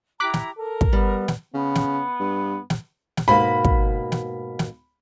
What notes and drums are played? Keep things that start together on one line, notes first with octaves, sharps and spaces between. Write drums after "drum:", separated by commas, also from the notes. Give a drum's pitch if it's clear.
E4 G4 A#5 D6 F#6 B6
drum: snare
A4 A#4
drum: kick
G3 B3
drum: snare
C#3 B3
drum: snare
G2
drum: snare
drum: snare
G#2 B2 A#3 B5
drum: kick
drum: snare
drum: snare